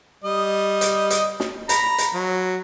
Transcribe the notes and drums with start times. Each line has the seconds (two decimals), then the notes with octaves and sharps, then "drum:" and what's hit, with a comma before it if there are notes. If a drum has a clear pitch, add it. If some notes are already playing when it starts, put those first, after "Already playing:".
0.24 G3 D#5
0.81 drum: hi-hat
1.10 drum: hi-hat
1.40 drum: snare
1.69 A#5 B5, drum: hi-hat
1.98 drum: hi-hat
2.14 F#3